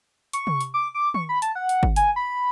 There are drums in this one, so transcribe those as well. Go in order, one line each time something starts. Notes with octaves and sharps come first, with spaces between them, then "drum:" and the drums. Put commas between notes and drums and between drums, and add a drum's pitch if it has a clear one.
C#6, drum: hi-hat
drum: tom C3
drum: hi-hat
D6
D6
C#6, drum: tom D#3
B5
A5, drum: hi-hat
F#5
drum: hi-hat
drum: kick
G#5, drum: hi-hat
B5